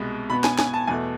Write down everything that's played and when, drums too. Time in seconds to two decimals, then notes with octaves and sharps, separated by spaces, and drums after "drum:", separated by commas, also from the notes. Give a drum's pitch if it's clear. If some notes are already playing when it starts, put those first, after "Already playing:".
Already playing: C2 B2 G#3 B3
0.30 B2 B3 B5
0.44 G#5, drum: snare
0.59 G#5, drum: snare
0.74 A5
0.87 E2 B2 A3 G#5